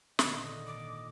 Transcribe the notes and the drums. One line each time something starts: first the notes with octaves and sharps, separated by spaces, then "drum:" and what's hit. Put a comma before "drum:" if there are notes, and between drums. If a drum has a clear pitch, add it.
G#1 A#2 D3 D#3 D#5, drum: snare
D6